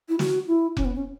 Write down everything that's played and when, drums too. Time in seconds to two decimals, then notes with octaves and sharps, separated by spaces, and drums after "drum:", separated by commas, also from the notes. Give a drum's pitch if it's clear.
0.09 E4
0.19 F#4, drum: snare
0.47 E4
0.77 C#4, drum: kick F1
0.85 B3
0.95 C#4